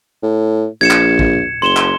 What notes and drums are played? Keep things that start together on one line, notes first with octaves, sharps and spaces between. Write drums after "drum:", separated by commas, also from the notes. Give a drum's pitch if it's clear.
A2
A#1 G#6 C#7 E7
drum: clap
drum: kick
F#1 C6 E7 G7
drum: clap